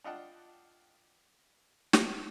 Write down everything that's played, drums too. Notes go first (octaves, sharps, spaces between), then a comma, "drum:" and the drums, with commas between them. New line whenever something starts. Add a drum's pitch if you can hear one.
D4 F4 D#5 F#5 G5 A5
drum: snare